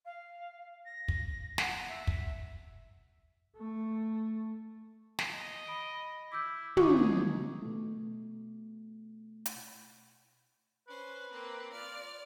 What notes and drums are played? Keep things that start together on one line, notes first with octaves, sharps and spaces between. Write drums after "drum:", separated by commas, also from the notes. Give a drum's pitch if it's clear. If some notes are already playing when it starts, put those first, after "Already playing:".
F5
A#6
drum: kick
F#5, drum: snare
E5
drum: kick
A3
drum: snare
D#5
B5 D#6 D7
E4 D6 E6 G6
D#2 D#3 G#4 C#6 D6, drum: tom
B2 A3
drum: hi-hat
C#4 B4 C5
A#3 C4
F4 D5 F6